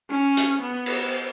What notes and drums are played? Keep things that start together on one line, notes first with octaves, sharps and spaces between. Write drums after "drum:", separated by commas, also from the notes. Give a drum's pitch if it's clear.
C#4
drum: hi-hat
B3
drum: cymbal